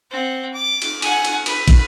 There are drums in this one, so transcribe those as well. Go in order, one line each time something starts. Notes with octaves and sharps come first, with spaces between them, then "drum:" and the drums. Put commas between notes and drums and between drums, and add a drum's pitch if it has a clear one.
C4 F#5
D6
drum: cymbal
F#5 G#5, drum: cymbal
drum: cymbal
B4, drum: cymbal
drum: kick, cymbal